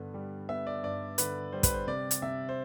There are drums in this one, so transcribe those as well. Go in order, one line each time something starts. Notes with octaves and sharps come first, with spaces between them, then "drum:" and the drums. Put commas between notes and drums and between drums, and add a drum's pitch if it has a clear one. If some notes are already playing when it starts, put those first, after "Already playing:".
Already playing: G2 D3 B3
G3
B3 E5
D5
G2 D5
D3 B4, drum: hi-hat
G3 C5
B4, drum: kick, hi-hat
C5
C3 D5
drum: hi-hat
C3 E5
C5